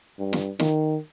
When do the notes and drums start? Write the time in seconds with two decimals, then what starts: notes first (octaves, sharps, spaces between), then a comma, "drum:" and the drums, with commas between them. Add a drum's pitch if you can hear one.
0.19 G2
0.33 drum: snare
0.60 D#3, drum: snare